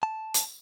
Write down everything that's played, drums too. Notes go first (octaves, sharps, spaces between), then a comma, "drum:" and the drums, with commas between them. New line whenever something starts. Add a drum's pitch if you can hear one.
A5
drum: hi-hat